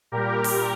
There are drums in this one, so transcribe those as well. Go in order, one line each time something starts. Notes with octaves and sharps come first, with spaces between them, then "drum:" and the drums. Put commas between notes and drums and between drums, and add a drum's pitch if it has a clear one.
A#2 G3 G4 A#4
drum: open hi-hat